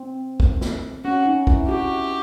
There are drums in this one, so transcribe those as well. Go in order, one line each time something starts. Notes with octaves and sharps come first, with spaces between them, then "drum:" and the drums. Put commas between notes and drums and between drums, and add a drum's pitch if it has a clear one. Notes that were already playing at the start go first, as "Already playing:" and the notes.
Already playing: C4
drum: kick
drum: snare
C#4 F#4
D#4
E4, drum: kick
F#4 G4